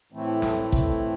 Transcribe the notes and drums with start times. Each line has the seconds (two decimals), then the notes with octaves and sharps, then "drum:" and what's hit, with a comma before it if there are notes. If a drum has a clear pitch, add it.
0.12 A2 E3 A3 C4 E4
0.42 drum: snare
0.72 drum: kick